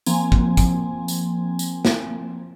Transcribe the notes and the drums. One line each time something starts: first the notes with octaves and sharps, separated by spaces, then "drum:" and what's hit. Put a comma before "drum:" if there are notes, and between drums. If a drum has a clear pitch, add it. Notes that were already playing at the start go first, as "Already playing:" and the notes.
F3 A#3 C4 G#5, drum: tambourine
drum: kick
drum: kick, tambourine
drum: tambourine
drum: tambourine
drum: snare